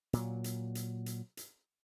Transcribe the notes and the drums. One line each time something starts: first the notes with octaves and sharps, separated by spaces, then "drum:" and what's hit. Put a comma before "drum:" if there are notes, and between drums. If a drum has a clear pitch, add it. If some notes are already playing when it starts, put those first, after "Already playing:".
A#2 F#3, drum: hi-hat
drum: hi-hat
drum: hi-hat
drum: hi-hat
drum: hi-hat